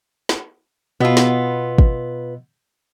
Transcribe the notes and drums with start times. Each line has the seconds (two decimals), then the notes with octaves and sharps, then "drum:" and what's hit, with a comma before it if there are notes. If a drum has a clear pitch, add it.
0.29 drum: snare
1.00 B2 B3 F4 D#5 E6
1.17 drum: snare
1.78 drum: kick